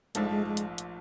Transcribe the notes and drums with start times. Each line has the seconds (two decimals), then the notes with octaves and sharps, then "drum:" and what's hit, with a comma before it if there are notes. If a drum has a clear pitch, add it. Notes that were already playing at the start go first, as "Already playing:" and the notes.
0.15 A#1 G#2 F3 G#3 A3, drum: hi-hat
0.30 G#3
0.46 G#3
0.57 drum: hi-hat
0.78 drum: hi-hat